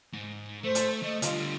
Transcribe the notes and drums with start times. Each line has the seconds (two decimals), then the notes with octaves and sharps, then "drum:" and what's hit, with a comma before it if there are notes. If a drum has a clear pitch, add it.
0.13 G#2
0.64 A3 C5
0.75 drum: hi-hat
1.03 A3 D#5
1.22 D3 G3 F4, drum: hi-hat